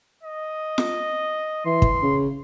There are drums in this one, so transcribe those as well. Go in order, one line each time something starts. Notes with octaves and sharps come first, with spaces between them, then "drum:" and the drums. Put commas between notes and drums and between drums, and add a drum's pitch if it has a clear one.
D#5
drum: snare F4
E3 C6
drum: kick
C#3